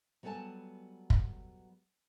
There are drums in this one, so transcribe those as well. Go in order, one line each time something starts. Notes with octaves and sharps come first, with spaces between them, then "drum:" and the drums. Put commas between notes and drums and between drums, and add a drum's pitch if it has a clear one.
F#3 G3 B3 A4 G#5 A5
drum: kick F#1